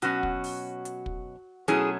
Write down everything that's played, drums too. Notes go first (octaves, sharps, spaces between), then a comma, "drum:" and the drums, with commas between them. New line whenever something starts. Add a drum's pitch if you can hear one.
B2 F#3 C#4 F#4, drum: hi-hat
drum: kick
drum: open hi-hat
drum: hi-hat
drum: kick
B2 F#3 A3 C#4 E4 G#4, drum: hi-hat